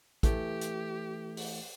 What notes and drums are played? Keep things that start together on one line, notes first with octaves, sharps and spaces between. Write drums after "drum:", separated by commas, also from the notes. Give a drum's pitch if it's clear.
E3 A3 G4, drum: kick, hi-hat
drum: hi-hat
drum: open hi-hat